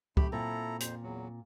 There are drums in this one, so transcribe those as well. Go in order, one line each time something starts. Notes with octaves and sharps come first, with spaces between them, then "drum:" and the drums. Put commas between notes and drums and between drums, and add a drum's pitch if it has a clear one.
F#2 A3 G4 B5, drum: kick
A#2 C4 E4 A4 A#5
F2 C5, drum: hi-hat
E2 F#3